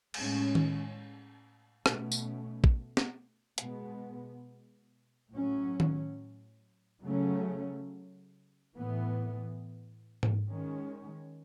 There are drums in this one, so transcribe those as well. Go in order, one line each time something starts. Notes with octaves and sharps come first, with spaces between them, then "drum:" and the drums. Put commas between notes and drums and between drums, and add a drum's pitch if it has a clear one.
A2 G#3 C#4, drum: cymbal
drum: tom D#3
B2 A3 C#4, drum: rim click
drum: tambourine
drum: kick
drum: snare
B2 G#3 B3, drum: hi-hat
A2 F#3 C#4
drum: tom D#3
C#3 F#3 A3 C#4
A2 E3 B3
drum: tom G#2
D#3 G#3 C#4